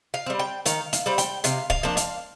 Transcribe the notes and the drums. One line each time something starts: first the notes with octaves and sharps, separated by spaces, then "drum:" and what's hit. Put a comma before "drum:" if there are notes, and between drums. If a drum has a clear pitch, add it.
F5
G3 C4
G5
D#3 F5, drum: hi-hat
F5, drum: hi-hat
G3 C4
G5, drum: hi-hat
C3 F5, drum: hi-hat
F5, drum: kick
F3 A#3 D4
F5, drum: hi-hat